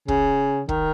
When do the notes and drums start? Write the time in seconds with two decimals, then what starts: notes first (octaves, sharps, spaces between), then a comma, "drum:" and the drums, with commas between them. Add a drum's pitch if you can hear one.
0.08 C#3, drum: kick
0.69 D#3, drum: kick